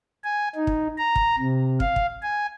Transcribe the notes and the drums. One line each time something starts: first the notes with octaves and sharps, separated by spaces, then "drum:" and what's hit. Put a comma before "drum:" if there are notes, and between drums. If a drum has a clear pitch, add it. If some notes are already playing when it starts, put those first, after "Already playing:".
G#5
D#4
drum: kick
A#5
drum: kick
C3
F5, drum: kick
drum: kick
G#5